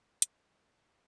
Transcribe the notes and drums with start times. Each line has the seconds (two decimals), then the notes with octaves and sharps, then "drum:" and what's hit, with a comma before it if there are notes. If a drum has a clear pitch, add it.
0.22 D6, drum: hi-hat